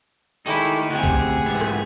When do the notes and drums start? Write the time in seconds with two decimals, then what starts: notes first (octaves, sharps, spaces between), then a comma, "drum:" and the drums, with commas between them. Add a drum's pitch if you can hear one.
0.46 D#3 G#3 A3 D#4 E4 G4
0.65 drum: hi-hat
0.90 D2 C3 G4 G#4 F#5
1.03 drum: kick B1, hi-hat
1.46 G#2 E3 B3
1.61 drum: rim click